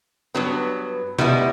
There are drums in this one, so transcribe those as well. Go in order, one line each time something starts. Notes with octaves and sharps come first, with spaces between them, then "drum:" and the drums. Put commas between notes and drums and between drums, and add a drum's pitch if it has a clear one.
G2 F#3 B3
B2 G3 B3 E4, drum: tom B2